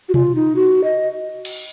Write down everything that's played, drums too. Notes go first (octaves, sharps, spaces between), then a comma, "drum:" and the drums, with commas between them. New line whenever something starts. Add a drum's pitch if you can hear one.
F#4
F4, drum: tom B2
D#4
F#4
D#5
drum: cymbal